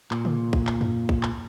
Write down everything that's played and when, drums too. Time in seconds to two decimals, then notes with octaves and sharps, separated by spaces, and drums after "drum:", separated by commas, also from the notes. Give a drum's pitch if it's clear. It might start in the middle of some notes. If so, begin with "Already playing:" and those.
0.11 A#2, drum: clap
0.25 drum: tom
0.53 drum: kick
0.67 drum: clap
0.81 drum: tom
1.09 drum: kick
1.23 drum: clap